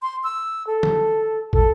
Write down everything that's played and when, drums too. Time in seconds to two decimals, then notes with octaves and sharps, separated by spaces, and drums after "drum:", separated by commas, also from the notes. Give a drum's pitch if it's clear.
0.02 C6
0.24 E6
0.67 A4
0.83 drum: tom
1.53 A4, drum: kick